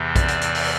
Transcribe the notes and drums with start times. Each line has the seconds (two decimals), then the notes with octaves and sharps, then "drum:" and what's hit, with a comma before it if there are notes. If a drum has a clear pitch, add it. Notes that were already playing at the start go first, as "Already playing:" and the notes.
Already playing: E2 C3 E3
0.16 D5, drum: kick, hi-hat
0.28 drum: hi-hat
0.41 drum: hi-hat
0.55 drum: open hi-hat